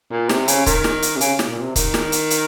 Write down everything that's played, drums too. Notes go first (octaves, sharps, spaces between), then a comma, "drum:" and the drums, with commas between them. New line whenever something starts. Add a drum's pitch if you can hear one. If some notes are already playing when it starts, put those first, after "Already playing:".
A#2
C3, drum: snare
C#3, drum: hi-hat
D#3, drum: kick, hi-hat
drum: snare
drum: hi-hat
C3
C#3, drum: hi-hat
drum: snare
A#2
C3
D#3, drum: kick, hi-hat
drum: snare
drum: hi-hat
drum: hi-hat